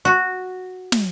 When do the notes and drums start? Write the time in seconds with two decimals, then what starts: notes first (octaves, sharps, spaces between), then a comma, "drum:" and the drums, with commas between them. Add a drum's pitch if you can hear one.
0.05 F#4
0.92 drum: snare